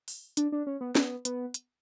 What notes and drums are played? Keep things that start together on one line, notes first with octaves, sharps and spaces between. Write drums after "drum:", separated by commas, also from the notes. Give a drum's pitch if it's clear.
drum: open hi-hat
D4, drum: hi-hat
D4
C#4
B3
B3, drum: snare
B3, drum: hi-hat
drum: hi-hat